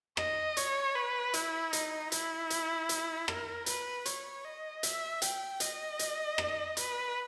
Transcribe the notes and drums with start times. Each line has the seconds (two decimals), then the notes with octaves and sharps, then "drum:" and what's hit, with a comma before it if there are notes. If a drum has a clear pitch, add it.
0.17 D#5, drum: rim click
0.57 C#5, drum: hi-hat
0.95 B4
1.34 E4, drum: hi-hat
1.73 D#4, drum: hi-hat
2.12 E4, drum: hi-hat
2.50 drum: hi-hat
2.89 drum: hi-hat
3.28 A#4, drum: rim click
3.66 B4, drum: hi-hat
4.06 C#5, drum: hi-hat
4.44 D#5
4.83 E5, drum: hi-hat
5.22 G5, drum: hi-hat
5.60 D#5, drum: hi-hat
5.99 drum: hi-hat
6.38 drum: rim click
6.77 B4, drum: hi-hat